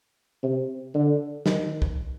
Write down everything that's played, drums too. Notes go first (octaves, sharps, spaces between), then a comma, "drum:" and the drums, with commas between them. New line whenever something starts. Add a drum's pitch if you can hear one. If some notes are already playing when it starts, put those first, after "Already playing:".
C3
D3
D#3, drum: snare
drum: kick B1